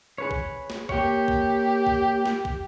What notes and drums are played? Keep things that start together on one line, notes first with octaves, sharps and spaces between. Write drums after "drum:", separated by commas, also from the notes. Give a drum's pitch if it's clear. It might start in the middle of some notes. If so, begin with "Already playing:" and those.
G#4 B4 C#5
drum: kick
drum: snare
A#3 G4 C#5, drum: kick
drum: kick
drum: kick
drum: snare
drum: kick